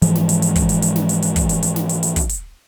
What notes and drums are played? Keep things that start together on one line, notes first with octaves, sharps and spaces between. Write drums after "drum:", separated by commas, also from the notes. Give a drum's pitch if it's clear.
G#2 E3 F3 G#3, drum: hi-hat
drum: snare
drum: hi-hat
drum: hi-hat
drum: kick, hi-hat
drum: hi-hat
drum: hi-hat
drum: snare
drum: hi-hat
drum: hi-hat
drum: kick, hi-hat
drum: hi-hat
drum: hi-hat
drum: snare
drum: hi-hat
drum: hi-hat
drum: kick, hi-hat
drum: hi-hat